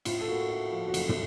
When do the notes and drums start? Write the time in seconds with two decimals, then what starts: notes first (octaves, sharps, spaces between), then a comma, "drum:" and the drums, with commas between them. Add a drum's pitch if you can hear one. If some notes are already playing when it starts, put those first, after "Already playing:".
0.05 A2 F4, drum: cymbal
0.21 A4
0.27 A#3 F#4
0.50 F4
0.72 F3
0.88 F#4
0.94 F#1 A4, drum: cymbal
1.09 drum: tom